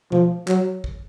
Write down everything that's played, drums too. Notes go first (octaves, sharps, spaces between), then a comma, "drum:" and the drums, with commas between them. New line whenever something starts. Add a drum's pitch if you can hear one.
F3, drum: tom B2
F#3, drum: clap
drum: kick